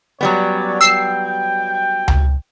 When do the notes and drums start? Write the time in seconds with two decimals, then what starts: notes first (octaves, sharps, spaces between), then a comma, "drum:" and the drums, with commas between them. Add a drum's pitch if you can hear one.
0.21 F#3 G3 B3 C#4 C#5 D5
0.81 G5 E6 C7
2.08 drum: tom C#2